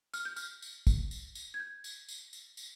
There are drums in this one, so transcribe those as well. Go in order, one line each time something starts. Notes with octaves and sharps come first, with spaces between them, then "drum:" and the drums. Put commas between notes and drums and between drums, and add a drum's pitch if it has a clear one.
F6, drum: tambourine
G6
F6, drum: tambourine
drum: tambourine
drum: kick, tambourine
drum: tambourine
drum: tambourine
G#6
G6
drum: tambourine
drum: tambourine
drum: tambourine
drum: tambourine